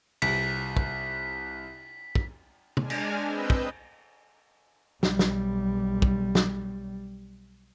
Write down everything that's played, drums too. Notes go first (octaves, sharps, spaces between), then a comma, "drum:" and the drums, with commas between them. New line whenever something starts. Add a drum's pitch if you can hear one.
C2 B6, drum: cymbal
drum: kick
drum: kick
G#3 D4 G#5 F6, drum: tom
drum: cymbal
C4 B4 D#5 E6 G6
drum: kick
B1 G3, drum: snare
drum: snare
drum: kick
drum: snare